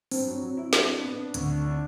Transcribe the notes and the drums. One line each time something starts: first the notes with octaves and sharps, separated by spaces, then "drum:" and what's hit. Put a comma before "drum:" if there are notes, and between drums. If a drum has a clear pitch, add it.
G2 C4, drum: open hi-hat
F#3
F#3
E4
D4, drum: snare
D4
B3
D4
D2, drum: hi-hat
D4
D4